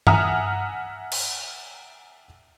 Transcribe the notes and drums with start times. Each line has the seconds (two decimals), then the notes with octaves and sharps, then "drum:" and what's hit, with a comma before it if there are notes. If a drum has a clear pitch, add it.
0.07 E5 F#5 G#5 A#5 D#6 F6, drum: tom G2
1.12 drum: cymbal